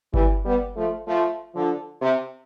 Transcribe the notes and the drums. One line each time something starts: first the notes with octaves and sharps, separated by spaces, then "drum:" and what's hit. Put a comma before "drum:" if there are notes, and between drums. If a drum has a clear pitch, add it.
E3 G3, drum: kick G1
G3 B3
F3 A3
F3 A3
D3 F3
C3